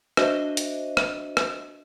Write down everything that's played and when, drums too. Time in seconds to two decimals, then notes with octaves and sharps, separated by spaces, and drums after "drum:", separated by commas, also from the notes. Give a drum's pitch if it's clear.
0.17 D4 F#4 C5 D#5 E5, drum: rim click
0.57 drum: hi-hat
0.97 drum: rim click
1.37 drum: rim click